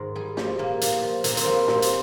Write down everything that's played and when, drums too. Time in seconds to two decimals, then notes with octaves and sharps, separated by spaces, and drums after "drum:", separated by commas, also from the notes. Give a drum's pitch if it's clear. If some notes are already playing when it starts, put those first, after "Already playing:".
Already playing: G#2 D#3 A#4
0.15 G3 G#4
0.37 F3 G4, drum: snare
0.59 A#2 A#3
0.81 A#2, drum: hi-hat
1.02 F3
1.24 A#2 A#3, drum: hi-hat
1.37 C4, drum: hi-hat
1.45 G3 A#3
1.68 A#2 C4, drum: snare
1.82 drum: hi-hat